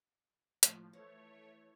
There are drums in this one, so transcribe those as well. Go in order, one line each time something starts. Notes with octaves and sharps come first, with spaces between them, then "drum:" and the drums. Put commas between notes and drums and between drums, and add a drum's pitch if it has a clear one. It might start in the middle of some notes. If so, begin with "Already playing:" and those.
D#2 A2 F3, drum: hi-hat
E3 A3 C#5